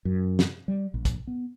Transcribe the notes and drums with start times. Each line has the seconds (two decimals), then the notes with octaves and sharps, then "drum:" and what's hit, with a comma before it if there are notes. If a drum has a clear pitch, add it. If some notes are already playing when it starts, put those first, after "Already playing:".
0.05 F#2
0.39 drum: snare
0.68 G3
0.94 A#1
1.05 drum: kick, hi-hat
1.27 B3